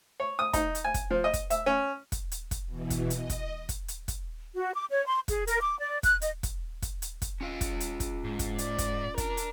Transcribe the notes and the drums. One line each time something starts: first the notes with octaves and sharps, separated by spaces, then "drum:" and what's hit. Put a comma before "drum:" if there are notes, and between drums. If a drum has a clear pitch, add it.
C#5
D#6
D#4, drum: kick, hi-hat
drum: hi-hat
G#5
drum: kick, hi-hat
F3
D#5
drum: kick, hi-hat
E5, drum: hi-hat
C#4
drum: kick, hi-hat
drum: hi-hat
drum: kick, hi-hat
B2 E3
drum: kick, hi-hat
D#5, drum: hi-hat
drum: kick, hi-hat
drum: kick, hi-hat
drum: hi-hat
drum: kick, hi-hat
F#4
D6
C#5
C6
G#4, drum: kick, hi-hat
A#4, drum: hi-hat
D6
D5
F#6, drum: kick, hi-hat
D#5, drum: hi-hat
drum: kick, hi-hat
drum: kick, hi-hat
drum: hi-hat
drum: kick, hi-hat
C#4 F4 F5
drum: kick, hi-hat
drum: hi-hat
drum: kick, hi-hat
G#2
drum: kick, hi-hat
D5, drum: hi-hat
drum: kick, hi-hat
A#4 D5 A5, drum: kick, hi-hat
drum: hi-hat